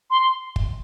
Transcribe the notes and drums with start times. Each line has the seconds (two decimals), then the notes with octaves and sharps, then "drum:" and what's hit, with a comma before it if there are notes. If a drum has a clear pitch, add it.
0.11 C6
0.56 drum: kick